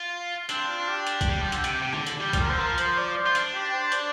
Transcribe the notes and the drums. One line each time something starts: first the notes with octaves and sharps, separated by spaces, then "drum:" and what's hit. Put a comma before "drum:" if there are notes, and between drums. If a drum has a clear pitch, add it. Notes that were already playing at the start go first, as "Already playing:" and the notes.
Already playing: F4
C4 D4, drum: hi-hat
F4
G4
drum: hi-hat
drum: kick B1, hi-hat
G3
F3
D3, drum: hi-hat
C3, drum: hi-hat
C3
D3, drum: rim click
drum: hi-hat
G3 G4
F3, drum: kick B1, hi-hat
A#4
D3 C5
F3 A#4
C5, drum: hi-hat
D5
C5
F4
D4, drum: hi-hat
G4
C5
D5, drum: hi-hat